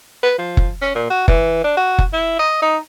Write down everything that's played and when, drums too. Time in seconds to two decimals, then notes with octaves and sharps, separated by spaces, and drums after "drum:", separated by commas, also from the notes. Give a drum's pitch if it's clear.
0.23 B4
0.38 F3
0.57 drum: kick F#1
0.82 C#4
0.95 A#2
1.10 F#4
1.28 E3, drum: kick F#1
1.64 D4
1.77 F#4
1.99 drum: kick F#1
2.13 E4
2.39 D#5
2.62 D#4